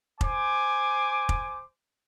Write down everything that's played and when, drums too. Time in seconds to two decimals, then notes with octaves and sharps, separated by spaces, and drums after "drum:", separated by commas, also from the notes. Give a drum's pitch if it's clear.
0.21 C5 G#5 D6, drum: kick F1
1.29 drum: kick F1